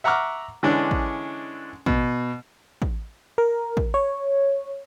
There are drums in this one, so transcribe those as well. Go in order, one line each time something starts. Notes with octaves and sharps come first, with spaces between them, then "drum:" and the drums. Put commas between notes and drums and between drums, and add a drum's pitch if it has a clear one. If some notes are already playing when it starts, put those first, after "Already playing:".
E5 F#5 A#5 C#6 D6 F6
D3 E3 G#3 C#4 D4
drum: kick
B2, drum: kick
drum: kick
A#4
drum: kick
C#5